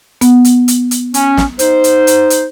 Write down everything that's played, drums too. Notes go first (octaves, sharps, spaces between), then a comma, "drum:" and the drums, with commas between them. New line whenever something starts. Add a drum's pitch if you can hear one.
B3, drum: hi-hat
drum: hi-hat
drum: hi-hat
drum: hi-hat
C#4, drum: hi-hat
drum: snare
D#4 C5, drum: hi-hat
drum: hi-hat
drum: hi-hat
drum: hi-hat